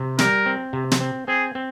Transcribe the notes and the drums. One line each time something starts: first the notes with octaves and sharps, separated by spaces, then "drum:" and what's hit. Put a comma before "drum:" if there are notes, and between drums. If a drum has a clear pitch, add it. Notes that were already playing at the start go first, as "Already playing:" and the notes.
Already playing: C3
G3 A#4, drum: snare
C4
C3
drum: snare
C4
C4 G#4
C4